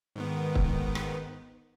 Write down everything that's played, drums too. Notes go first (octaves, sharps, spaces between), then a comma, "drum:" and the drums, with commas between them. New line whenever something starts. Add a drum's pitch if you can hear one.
G#2 D#3 B3
drum: kick
drum: rim click